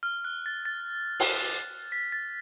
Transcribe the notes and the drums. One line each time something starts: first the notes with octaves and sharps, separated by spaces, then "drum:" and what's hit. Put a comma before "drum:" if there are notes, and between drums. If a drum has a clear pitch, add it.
F6
F#6
A6
A6
drum: open hi-hat
B6
A6